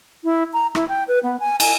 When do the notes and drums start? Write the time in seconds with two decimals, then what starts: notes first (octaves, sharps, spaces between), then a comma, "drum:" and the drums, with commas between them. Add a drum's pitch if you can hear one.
0.24 E4
0.53 A#5
0.75 E4, drum: rim click
0.89 G5
1.08 B4
1.23 B3
1.40 G#5
1.60 G#5, drum: cymbal